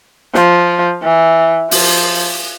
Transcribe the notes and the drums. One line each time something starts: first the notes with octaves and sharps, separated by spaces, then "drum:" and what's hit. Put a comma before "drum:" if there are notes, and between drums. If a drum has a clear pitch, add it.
F3, drum: snare
E3
F3, drum: open hi-hat